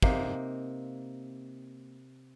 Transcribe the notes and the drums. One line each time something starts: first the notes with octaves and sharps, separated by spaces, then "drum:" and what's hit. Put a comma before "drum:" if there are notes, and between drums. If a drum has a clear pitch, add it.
C3 A#3 D#4, drum: kick